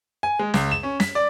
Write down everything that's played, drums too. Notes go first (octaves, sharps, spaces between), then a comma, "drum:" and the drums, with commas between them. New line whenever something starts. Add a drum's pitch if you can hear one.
G#5
G#3
C#2, drum: snare
E7
C#4
B6, drum: snare
D5